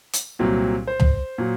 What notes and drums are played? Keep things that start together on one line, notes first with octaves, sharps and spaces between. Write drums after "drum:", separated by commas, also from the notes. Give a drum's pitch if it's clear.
drum: hi-hat
C2 A#2 F#3 C4
C5
drum: tom
A#2 F#3